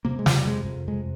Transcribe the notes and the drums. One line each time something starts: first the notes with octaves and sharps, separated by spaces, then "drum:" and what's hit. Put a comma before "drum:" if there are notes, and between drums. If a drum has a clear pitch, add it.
C3 A#3
G#3
F2, drum: snare
G3
C3 G#3
F2
C3 G#3